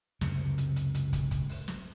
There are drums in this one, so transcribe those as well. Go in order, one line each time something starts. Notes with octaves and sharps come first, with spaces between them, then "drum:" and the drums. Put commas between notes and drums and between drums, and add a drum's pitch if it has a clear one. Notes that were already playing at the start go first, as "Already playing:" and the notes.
C#2 F#2 C3, drum: snare
drum: hi-hat
drum: hi-hat
drum: hi-hat
drum: kick, hi-hat
drum: kick, hi-hat
drum: open hi-hat
drum: snare